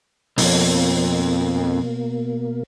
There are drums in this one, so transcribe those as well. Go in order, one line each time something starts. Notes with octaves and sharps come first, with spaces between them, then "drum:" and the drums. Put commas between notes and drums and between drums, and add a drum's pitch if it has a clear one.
B1 F2 B2 A#3, drum: open hi-hat